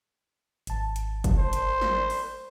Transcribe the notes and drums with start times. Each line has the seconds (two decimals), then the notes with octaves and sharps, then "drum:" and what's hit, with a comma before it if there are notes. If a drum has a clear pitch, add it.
0.67 G#1 A5, drum: hi-hat
0.96 drum: hi-hat
1.24 drum: kick F#1, hi-hat
1.38 C5
1.53 drum: hi-hat
1.81 drum: snare
2.10 drum: open hi-hat